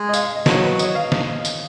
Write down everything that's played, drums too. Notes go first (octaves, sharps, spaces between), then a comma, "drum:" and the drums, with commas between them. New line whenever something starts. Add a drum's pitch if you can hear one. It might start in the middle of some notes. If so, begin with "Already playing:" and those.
Already playing: G#3
D#5
F5, drum: tambourine
F5
D#5
F#3 C#5, drum: snare
B4
D#5, drum: tambourine
F5
drum: snare
drum: tambourine